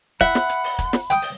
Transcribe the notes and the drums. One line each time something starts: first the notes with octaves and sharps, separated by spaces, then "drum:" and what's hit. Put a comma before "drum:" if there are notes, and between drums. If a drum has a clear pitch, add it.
E5 F#5 B5, drum: kick
drum: snare
drum: hi-hat
drum: open hi-hat
drum: kick, hi-hat
drum: snare
G5 D#6, drum: hi-hat
drum: open hi-hat